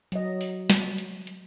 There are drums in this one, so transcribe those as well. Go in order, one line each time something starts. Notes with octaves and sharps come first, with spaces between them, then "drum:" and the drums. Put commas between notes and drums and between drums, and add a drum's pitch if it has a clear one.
F#3 D#5, drum: hi-hat
drum: open hi-hat
drum: snare
drum: hi-hat
drum: hi-hat